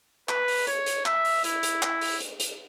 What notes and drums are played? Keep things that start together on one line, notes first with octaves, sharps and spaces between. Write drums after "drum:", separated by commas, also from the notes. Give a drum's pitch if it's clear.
B4, drum: clap
drum: open hi-hat
C#5, drum: hi-hat
drum: hi-hat
E5, drum: clap
drum: open hi-hat
E4, drum: hi-hat
drum: hi-hat
E4, drum: clap
drum: open hi-hat
drum: hi-hat
drum: hi-hat